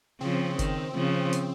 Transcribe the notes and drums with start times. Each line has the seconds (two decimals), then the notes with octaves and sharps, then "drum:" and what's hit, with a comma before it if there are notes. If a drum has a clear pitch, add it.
0.21 C#3 F3 C4
0.59 D#3, drum: kick F#1, hi-hat
0.95 C#3 F3
1.33 drum: hi-hat